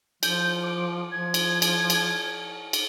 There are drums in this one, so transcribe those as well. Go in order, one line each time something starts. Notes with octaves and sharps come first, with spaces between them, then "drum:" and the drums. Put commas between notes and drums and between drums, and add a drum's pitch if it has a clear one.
F3 G6, drum: cymbal
D6
F3 G#6
drum: cymbal
drum: cymbal
drum: cymbal
drum: cymbal